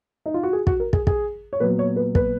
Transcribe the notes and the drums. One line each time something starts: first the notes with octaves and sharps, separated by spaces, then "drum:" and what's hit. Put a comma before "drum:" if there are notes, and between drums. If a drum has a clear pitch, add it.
D#4
F4
F#4
G#4
F#4, drum: kick
A#4
G#4, drum: kick
G#4, drum: kick
C#5
A#2 F#3 B3 B4
C#5
B4
B4, drum: kick